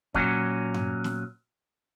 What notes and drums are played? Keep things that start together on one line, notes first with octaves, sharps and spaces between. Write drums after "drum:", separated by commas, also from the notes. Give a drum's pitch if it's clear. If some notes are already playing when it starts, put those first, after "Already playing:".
A#2 F#3 C#4, drum: kick
drum: tom G2
drum: snare